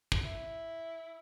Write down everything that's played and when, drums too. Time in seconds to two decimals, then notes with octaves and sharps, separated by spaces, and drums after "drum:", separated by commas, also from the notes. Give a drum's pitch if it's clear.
0.12 drum: kick
0.24 E4